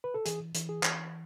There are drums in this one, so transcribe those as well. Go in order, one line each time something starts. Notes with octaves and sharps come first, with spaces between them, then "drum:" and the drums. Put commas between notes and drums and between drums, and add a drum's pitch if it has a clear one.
B4
A4
E3 G#4, drum: hi-hat
E3, drum: hi-hat
G#4
E3, drum: clap